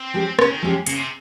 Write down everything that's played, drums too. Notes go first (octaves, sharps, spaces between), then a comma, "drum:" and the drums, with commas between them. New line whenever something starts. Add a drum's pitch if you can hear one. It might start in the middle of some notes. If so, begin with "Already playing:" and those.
Already playing: C4
F3 G#3 C#4 G4
C#3 C#4, drum: rim click
D#3
C3 F3 G#3 C#4 G4
A#2 C#3, drum: hi-hat
C3